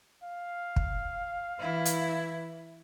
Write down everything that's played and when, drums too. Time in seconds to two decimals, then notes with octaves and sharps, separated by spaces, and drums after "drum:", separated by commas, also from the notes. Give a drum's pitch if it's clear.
0.23 F5
0.76 drum: kick
1.60 E3 E4
1.85 drum: hi-hat